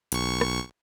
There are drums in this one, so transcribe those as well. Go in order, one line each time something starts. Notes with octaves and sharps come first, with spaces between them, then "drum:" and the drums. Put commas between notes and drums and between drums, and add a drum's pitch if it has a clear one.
B1 C#6, drum: hi-hat
drum: rim click